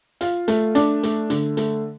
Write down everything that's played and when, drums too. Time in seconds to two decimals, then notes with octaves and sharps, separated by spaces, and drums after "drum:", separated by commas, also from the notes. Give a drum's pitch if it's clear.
0.21 F4, drum: hi-hat
0.48 A3, drum: hi-hat
0.75 D4, drum: hi-hat
1.03 A3, drum: hi-hat
1.30 D3, drum: hi-hat
1.57 A3, drum: hi-hat